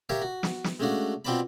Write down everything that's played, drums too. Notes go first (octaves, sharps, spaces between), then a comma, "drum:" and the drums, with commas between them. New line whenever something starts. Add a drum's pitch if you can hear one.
G4 A#4 C#5 E5 F5
F#4
drum: snare
drum: snare
G#3 A3 C#4 D4 F#4 F5
B2 C4 F4 D5 A5 B5